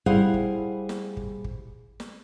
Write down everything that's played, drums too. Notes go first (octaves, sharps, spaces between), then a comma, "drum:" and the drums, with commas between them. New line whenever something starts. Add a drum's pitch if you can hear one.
G3 E4 G#4 C5 F5 F#5, drum: kick
drum: kick
drum: snare
drum: kick
drum: kick
drum: snare